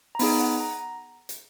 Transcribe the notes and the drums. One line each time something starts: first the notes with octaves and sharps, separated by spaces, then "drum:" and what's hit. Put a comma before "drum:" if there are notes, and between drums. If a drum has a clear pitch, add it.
A#5
B3 D#4 G#4 B5, drum: open hi-hat
F#5
A#5
drum: hi-hat